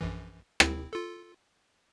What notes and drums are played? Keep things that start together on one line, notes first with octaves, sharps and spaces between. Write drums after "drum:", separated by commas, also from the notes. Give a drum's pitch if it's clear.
A#1 F#2 E3
C4 E4, drum: rim click
F4 A4